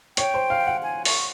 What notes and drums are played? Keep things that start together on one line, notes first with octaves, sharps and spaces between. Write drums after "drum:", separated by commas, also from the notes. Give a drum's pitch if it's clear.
C#5 G5, drum: hi-hat
C5
F5
F#5
G#5
C#6, drum: open hi-hat